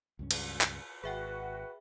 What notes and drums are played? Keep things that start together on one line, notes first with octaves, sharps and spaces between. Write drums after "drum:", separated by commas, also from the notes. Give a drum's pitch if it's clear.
C#2 G2 C#4
drum: cymbal
drum: clap
G#1 F#4 G#4 B4 E5 G5